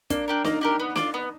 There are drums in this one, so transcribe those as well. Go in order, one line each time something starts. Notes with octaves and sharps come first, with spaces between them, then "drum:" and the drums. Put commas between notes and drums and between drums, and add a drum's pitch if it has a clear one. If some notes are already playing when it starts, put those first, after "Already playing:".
A#3 D4, drum: kick, hi-hat
D4 G4 A#4
A#3 D#4, drum: snare
D4 G4 A#4
B3
D4 F4, drum: snare
B3